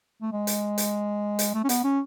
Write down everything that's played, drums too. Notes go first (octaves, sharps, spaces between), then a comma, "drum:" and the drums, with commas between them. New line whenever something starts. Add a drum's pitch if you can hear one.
A3
G#3
drum: hi-hat
drum: hi-hat
drum: hi-hat
A3
C#4
B3, drum: hi-hat
C#4